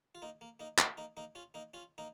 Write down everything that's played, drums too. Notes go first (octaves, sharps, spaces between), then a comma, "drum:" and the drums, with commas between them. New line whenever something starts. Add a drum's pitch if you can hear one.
F4
A#3 D#4
A#3
A#3 D#4
A#3 D#4, drum: clap
A#3 D#4
A#3 D#4
C#4 F4
A#3 D#4
C#4 F4
A#3 D#4